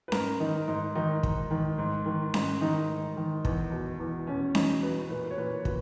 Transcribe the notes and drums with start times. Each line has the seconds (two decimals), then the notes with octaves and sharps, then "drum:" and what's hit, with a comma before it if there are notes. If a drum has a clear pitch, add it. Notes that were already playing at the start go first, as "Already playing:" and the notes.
0.08 B4
0.12 G#2 A#4, drum: snare C#4
0.40 D#3 D#4
0.68 G#2 D#4
0.95 D#3 D#4
1.23 G#2, drum: kick
1.51 D#3
1.78 G#2
2.06 D#3
2.34 G#2, drum: snare C#4
2.61 D#3 D#4
2.89 G#2
3.17 D#3
3.45 E2, drum: kick
3.72 B2
4.00 E2
4.27 B2 C#4
4.55 E2 D#4, drum: snare C#4
4.83 B2 B4
5.10 A#2 B4
5.31 C#5
5.38 A#2 B4
5.65 A#2 B4, drum: kick